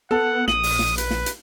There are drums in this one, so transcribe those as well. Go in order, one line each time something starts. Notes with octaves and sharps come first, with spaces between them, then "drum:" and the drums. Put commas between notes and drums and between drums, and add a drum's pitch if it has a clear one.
B3 A4 F#5
A#1 D#6 F#7, drum: snare
drum: open hi-hat
drum: snare
B4, drum: hi-hat
drum: snare
drum: hi-hat